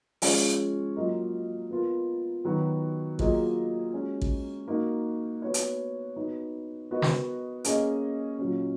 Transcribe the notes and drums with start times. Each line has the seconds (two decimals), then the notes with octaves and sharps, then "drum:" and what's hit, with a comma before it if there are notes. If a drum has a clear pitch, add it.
0.22 F3 G#3 C#4, drum: open hi-hat
0.96 F#3 A#3 F4 A#4 D#5
1.71 B3 F4 A#4
2.45 D#3 F#3 B3 F#4
3.19 F#3 A#3 F4 G#4 D#5, drum: kick A1
3.93 G#3 C#4 F#4
4.22 drum: kick A1
4.68 A#3 D#4 F#4 A#4
5.42 B3 F#4 C#5
5.54 drum: hi-hat
6.16 B3 D#4 F#4
6.91 B3 F#4 A#4 D#5
7.02 drum: snare
7.64 A#3 C#4 G#4 D#5, drum: hi-hat
8.39 A#2 F#3 C#4